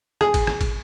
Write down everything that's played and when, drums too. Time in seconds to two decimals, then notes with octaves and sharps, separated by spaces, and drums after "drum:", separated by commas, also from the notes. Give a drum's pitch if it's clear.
0.21 G#4, drum: rim click
0.34 drum: kick, cymbal
0.47 drum: rim click
0.61 drum: kick, cymbal